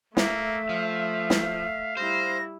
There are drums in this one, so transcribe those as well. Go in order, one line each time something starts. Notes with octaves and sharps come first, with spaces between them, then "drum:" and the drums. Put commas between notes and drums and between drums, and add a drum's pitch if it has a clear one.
A3 A#3 E5, drum: snare
F3 F5
drum: snare
G3 E4 C5 A#6